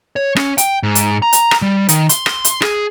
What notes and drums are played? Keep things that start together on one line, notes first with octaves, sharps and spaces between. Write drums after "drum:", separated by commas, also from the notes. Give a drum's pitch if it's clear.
C#5
C#4, drum: rim click
G5, drum: hi-hat
G#2
drum: hi-hat
A#5
drum: hi-hat
drum: rim click
G3
D#3, drum: hi-hat
C6, drum: hi-hat
drum: rim click
drum: hi-hat
G#4, drum: rim click